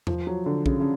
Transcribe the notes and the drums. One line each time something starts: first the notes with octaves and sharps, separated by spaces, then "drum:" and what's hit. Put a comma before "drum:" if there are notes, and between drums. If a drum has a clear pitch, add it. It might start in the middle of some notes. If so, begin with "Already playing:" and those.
F3, drum: tom E2
F#3
D3
C#3, drum: kick A#1
C#3